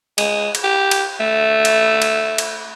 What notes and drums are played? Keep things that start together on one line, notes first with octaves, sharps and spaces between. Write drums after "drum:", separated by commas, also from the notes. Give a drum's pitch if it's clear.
G#3, drum: cymbal
drum: cymbal
G4
drum: cymbal
A3
drum: cymbal
drum: cymbal
drum: cymbal